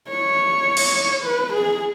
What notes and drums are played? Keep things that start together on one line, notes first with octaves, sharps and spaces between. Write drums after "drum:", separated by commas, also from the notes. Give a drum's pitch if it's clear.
C#5
drum: cymbal
B4
G#4